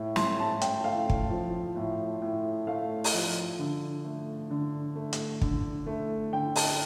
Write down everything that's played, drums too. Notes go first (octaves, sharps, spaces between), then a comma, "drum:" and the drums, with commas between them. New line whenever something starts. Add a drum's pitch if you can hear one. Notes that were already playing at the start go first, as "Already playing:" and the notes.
Already playing: A2
C6, drum: snare
A2 A5
G5, drum: hi-hat
A3 F5
drum: kick
F3
A2
A2
A3 F5
drum: open hi-hat
F3
D3
A3
D3
A3
drum: hi-hat
D3, drum: kick
A3
D3 G5
A5, drum: open hi-hat